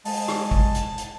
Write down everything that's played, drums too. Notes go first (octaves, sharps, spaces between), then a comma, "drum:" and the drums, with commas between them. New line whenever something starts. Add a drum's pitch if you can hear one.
G#3 A5, drum: open hi-hat
drum: rim click
drum: kick G#1
drum: hi-hat
drum: hi-hat